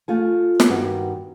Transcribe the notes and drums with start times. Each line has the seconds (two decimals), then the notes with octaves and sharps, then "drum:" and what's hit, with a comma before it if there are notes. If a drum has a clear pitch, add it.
0.08 A3 F4 G#5
0.60 drum: snare
0.69 G2 D#3 B3 F#4